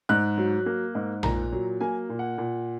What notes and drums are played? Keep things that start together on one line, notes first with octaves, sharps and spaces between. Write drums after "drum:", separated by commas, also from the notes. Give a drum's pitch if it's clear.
G#2 F#6
F#3
A#3
G#2
A#2 A#5, drum: tom A#1
F#3
A#3 G#5
A#2
F#5
A#2